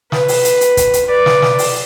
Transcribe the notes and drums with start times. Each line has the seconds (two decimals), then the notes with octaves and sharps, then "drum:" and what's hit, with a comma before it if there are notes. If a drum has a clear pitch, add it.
0.12 B4, drum: snare
0.28 drum: open hi-hat
0.45 drum: hi-hat
0.61 drum: hi-hat
0.77 drum: kick, hi-hat
0.93 drum: hi-hat
1.06 B4 D5
1.26 drum: snare
1.42 drum: snare
1.59 drum: open hi-hat